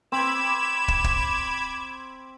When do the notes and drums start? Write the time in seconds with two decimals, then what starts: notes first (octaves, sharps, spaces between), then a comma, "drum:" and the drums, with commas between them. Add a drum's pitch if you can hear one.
0.12 C4 B5 D6 G#6 E7
0.88 drum: kick
1.04 drum: kick